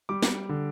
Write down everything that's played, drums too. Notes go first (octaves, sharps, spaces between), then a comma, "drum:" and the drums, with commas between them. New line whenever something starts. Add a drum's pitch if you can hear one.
G3 D6
drum: snare
D3